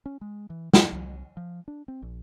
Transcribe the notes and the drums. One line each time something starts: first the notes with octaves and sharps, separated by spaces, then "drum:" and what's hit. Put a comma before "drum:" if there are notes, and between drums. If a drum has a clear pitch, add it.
C#4
G#3
E3
G2, drum: snare
C2
F3
D4
C4
A#1